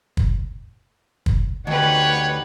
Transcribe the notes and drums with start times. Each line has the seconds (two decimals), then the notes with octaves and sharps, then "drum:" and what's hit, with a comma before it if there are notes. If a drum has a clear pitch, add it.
0.17 drum: kick
1.26 drum: kick
1.67 D2 D#4 G4 B4 C#5 F#5 G5